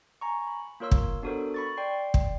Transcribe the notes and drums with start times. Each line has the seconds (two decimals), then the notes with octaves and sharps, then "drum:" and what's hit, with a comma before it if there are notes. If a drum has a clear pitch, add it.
0.21 G#5 A#5 C#6
0.47 B5
0.80 A#3 F4 A#4 C#5 C6 E6
0.91 drum: kick
1.22 B3 D4 F#4 A4 A#4 C5
1.54 B5 C#6 A6
1.77 D5 G5 C6 C7
2.14 drum: kick